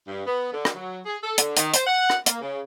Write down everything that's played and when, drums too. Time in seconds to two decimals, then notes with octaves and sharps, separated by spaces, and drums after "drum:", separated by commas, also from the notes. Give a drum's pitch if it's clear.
0.08 G2
0.26 B3
0.53 D3
0.65 drum: rim click
0.75 F#3
1.05 G#4
1.23 A4
1.38 D3, drum: hi-hat
1.57 D#3, drum: hi-hat
1.74 C5, drum: hi-hat
1.86 F#5
2.10 drum: rim click
2.26 A#3, drum: hi-hat
2.41 C#3